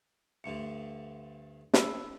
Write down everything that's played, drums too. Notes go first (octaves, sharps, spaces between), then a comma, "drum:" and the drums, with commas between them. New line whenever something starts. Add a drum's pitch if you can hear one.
D2 G2 D3 C#7
B5 E6, drum: snare